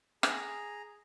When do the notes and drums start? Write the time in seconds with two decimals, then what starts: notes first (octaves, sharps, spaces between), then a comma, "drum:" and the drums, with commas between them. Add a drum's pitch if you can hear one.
0.23 G#4 A#5, drum: rim click